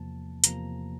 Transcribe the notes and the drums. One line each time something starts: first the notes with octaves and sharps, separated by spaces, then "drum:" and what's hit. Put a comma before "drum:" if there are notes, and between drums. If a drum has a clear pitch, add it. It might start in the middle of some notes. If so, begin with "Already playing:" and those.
Already playing: E2 C3 F3 A#3 A5
E2 C3 F3 A#3 A#5, drum: hi-hat